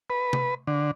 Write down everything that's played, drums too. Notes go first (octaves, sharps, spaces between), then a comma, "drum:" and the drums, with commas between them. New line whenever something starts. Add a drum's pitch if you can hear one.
B4
drum: tom C3
D3